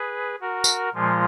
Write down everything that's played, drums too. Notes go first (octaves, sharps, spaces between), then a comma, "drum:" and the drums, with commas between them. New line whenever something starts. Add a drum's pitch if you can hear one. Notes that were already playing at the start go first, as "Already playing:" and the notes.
Already playing: G#4 B4
F#4 A#4
drum: tambourine
A#2 F3 G#3 F4